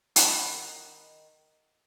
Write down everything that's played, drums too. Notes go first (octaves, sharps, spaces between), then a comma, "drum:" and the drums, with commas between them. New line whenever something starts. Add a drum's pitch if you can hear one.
D#3 D#4 F#5 A5 B5, drum: hi-hat